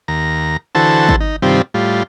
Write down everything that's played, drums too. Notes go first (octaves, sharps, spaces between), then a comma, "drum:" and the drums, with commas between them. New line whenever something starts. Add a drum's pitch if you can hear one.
D#2 A#5
D3 E3 F#4 A4 C5 A5
drum: kick
D#4
G2 C3 D#3 G3 C4 F4
A2 G3 F4